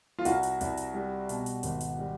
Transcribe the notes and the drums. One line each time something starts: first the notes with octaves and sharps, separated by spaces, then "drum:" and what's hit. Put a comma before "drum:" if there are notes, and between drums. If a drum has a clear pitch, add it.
F4
C2 F#4, drum: hi-hat
drum: hi-hat
C2, drum: hi-hat
drum: hi-hat
G3
B2, drum: hi-hat
drum: hi-hat
G#1, drum: hi-hat
drum: hi-hat
G3